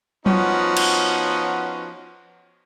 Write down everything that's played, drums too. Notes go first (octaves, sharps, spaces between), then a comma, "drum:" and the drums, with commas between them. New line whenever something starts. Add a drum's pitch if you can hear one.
F3 B3 C#4 D#4 F#4, drum: tom F#3
drum: cymbal